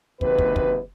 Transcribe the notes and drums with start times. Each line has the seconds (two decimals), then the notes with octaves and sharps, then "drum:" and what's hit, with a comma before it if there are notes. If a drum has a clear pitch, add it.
0.21 F#1 D#2 G#2 C3 B4, drum: kick
0.38 drum: kick
0.56 drum: kick